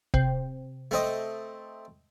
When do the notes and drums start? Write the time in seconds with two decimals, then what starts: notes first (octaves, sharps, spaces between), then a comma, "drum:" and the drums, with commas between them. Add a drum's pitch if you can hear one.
0.14 C3, drum: kick
0.91 A3 C4 D#5